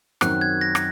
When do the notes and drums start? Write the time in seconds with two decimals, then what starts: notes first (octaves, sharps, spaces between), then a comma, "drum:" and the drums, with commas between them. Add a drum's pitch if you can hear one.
0.21 F#2 D#3 F#3 C4 F#6, drum: rim click
0.41 G#6
0.61 A#6
0.75 drum: rim click